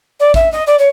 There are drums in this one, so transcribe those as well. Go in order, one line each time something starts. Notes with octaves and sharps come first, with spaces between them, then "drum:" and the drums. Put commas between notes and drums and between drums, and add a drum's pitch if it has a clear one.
D5
E5, drum: kick A1
D#5
D5
C#5